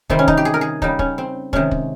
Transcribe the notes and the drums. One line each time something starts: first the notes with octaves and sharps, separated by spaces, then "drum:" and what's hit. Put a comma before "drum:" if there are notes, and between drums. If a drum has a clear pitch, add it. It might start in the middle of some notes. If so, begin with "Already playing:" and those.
C3 D#3 G3 C4, drum: kick
C#4
D#4, drum: kick
G4
G#4
A#4
G#4
C#3 G3 D#4, drum: kick
C#4, drum: kick
C4
C3 D#3 G#3 C#4, drum: kick
drum: kick